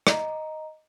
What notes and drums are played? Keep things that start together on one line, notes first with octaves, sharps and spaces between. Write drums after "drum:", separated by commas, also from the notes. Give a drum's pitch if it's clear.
D#5 A#5, drum: rim click